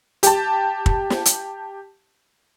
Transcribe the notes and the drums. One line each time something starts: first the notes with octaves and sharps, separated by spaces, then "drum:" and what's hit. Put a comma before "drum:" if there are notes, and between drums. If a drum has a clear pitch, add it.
G4 A5, drum: hi-hat
drum: kick
drum: snare
drum: hi-hat